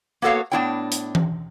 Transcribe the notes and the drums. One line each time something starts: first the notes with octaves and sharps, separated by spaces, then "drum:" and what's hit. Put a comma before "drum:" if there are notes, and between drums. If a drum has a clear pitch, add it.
A#3 B3 F#4 A4 C#5 F5
A2 B3 D4 E4 C#5 G5
drum: hi-hat
drum: tom E3